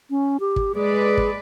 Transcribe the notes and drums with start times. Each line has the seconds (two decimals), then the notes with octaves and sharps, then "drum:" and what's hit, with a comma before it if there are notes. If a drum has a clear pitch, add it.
0.10 C#4
0.40 G4
0.56 drum: kick
0.75 G#3 G#4 B4 D5
1.17 drum: kick